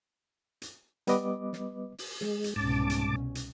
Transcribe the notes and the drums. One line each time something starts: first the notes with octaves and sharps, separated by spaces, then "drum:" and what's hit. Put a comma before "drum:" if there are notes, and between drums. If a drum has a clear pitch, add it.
drum: hi-hat
G3 B3 B4 D#5 D6, drum: hi-hat
drum: snare
drum: open hi-hat
G#3, drum: snare
drum: hi-hat
C2 G#2 B2 C#4 A5 D6
drum: hi-hat
drum: hi-hat